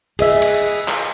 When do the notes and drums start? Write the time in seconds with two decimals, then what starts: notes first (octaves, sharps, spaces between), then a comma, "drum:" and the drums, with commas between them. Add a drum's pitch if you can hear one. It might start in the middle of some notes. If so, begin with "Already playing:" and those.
0.19 G#4 D#5 E5, drum: cymbal
0.42 drum: cymbal
0.88 drum: clap